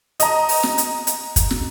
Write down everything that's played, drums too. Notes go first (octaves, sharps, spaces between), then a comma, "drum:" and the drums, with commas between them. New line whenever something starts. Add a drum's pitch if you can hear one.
D#5 A#5, drum: hi-hat
drum: open hi-hat
drum: snare
drum: hi-hat
drum: hi-hat
drum: kick, hi-hat
drum: snare